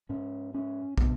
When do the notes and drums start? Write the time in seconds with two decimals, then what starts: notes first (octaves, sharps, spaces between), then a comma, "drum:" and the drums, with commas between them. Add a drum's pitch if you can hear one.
0.09 G#2 C#4
0.54 C#4
0.98 C3 B3, drum: kick